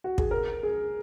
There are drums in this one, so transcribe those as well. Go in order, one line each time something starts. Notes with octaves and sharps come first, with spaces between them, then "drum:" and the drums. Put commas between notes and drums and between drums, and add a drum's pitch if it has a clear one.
F#4
G#4, drum: kick
A#4
G#4